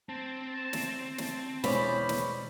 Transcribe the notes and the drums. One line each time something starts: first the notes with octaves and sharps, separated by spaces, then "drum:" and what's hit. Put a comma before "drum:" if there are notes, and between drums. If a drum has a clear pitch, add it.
C4 A5
drum: snare
drum: snare
E2 B2 G#3 C#4 C5 D5 B5, drum: snare
drum: snare